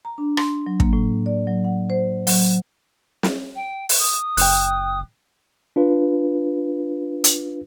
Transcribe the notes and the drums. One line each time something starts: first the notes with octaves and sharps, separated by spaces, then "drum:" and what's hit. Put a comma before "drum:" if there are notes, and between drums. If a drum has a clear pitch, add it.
A#5
D4
C6, drum: rim click
F#3
A#3, drum: kick
A2
D5
F#3
F#5
C5
F#3, drum: open hi-hat
drum: snare
G5
drum: open hi-hat
D#6
F#1 G5 F#6, drum: open hi-hat
D4 F4 B4
drum: hi-hat